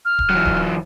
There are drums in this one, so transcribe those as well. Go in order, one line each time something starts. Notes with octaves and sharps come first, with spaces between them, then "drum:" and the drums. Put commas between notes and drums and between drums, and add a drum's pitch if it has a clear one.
F6
drum: kick D1
E3 F#3
drum: kick D1